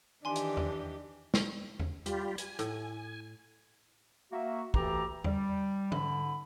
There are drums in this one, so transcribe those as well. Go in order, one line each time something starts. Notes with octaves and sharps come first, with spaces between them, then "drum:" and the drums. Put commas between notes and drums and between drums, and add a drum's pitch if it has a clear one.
D#3 E3 D4 G4 G#5 C6
drum: hi-hat
drum: tom E2
drum: snare
drum: tom E2
G3 F4 G4, drum: hi-hat
G#5, drum: hi-hat
A2, drum: hi-hat
A#3 F#4 E5
D2 E3 G4 A4 A#5, drum: kick
G3, drum: tom E2
G#2 D3 B5, drum: tom